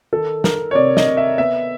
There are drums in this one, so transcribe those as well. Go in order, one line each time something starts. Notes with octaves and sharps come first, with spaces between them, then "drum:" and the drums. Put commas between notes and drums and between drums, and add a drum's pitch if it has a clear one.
D#3 A4
D#3 A#4, drum: snare
C#5
C3 D5
D#5, drum: snare
C3
E5
B3 E5